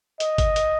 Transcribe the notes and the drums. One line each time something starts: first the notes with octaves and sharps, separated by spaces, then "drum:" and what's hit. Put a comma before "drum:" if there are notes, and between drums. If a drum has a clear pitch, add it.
D#5, drum: hi-hat
drum: kick G1, hi-hat
drum: hi-hat